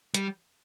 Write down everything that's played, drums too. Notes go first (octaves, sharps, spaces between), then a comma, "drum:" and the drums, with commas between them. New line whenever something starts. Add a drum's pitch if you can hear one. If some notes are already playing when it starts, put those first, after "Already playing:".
G3, drum: hi-hat